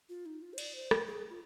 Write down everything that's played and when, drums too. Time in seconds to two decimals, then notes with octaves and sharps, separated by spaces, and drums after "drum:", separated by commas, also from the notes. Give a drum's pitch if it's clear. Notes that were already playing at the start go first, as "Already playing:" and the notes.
0.09 F4
0.26 D#4
0.42 F4
0.53 C5
0.58 D5, drum: cymbal
0.75 C5
0.91 A#4, drum: rim click
1.07 G#4
1.30 F4